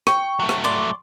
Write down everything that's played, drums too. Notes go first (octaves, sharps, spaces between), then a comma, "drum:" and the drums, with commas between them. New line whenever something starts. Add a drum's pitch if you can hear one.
G5 C#6, drum: rim click
F#3 A3
drum: rim click
D5 C6 D6